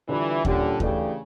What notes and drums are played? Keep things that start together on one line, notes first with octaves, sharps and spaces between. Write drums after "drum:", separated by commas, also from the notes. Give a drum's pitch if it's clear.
D3 E3 G3 D4 F4
A#2 D3 G3 C#4 G4, drum: kick D#2
C#3 E3 A3 D4 G4, drum: kick D#2